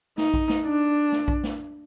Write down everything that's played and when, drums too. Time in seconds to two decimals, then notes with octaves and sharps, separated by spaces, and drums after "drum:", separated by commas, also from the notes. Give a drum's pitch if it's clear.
0.18 D#4, drum: snare
0.34 drum: kick A#1
0.49 drum: snare
0.65 D4
1.12 drum: snare
1.28 drum: kick A#1
1.44 drum: snare